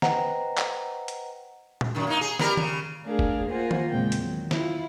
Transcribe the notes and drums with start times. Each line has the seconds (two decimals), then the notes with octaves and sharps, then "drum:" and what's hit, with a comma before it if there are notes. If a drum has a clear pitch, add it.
0.02 B4 C5 D#5 F#5 G5 A#5, drum: snare
0.58 drum: clap
1.08 drum: hi-hat
1.81 drum: tom A#2
1.95 F#2 D#3
2.07 A#3 D#4
2.21 G#4
2.39 G3 A#4, drum: snare
2.57 C#3, drum: tom D#3
3.04 A3 D4 G#4 A#4 F5
3.19 drum: kick
3.50 A#3 F4 A#4 C5 F#5 G#5
3.71 drum: tom D#3
3.90 E2 A#2 C#3 G#3 C4 G5
4.12 drum: hi-hat
4.21 D#3 F#3
4.51 E4 F4, drum: snare